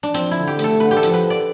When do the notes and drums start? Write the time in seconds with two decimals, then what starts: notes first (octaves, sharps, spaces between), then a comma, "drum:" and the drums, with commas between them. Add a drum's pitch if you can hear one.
0.03 D4
0.14 F3 C4, drum: hi-hat
0.31 D3 E4
0.48 G4
0.59 A3, drum: hi-hat
0.64 A4
0.80 D3 B4
0.91 G4
0.97 A4
1.03 F3, drum: hi-hat
1.14 B4
1.25 D3
1.30 D5